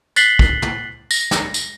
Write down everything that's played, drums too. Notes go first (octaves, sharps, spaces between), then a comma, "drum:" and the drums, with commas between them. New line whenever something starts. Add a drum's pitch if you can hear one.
F#6 A6 B6 C7 F#7 G7, drum: tambourine
drum: kick
drum: tom
A#6, drum: tambourine
drum: snare
drum: tambourine